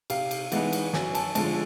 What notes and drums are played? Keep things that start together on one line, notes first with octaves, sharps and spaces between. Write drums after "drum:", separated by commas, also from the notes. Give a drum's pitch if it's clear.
C3 F5, drum: cymbal
drum: cymbal
E3 G#3 B3 D#4 F#5, drum: cymbal
drum: cymbal
F#2 G#5, drum: snare
A5, drum: cymbal
D3 F3 G#3 A5, drum: cymbal